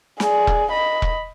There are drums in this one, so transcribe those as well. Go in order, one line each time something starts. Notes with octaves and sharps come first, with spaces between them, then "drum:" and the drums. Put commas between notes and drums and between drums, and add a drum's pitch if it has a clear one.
G#4 D5, drum: snare
drum: kick E1
D#5 B5
drum: kick E1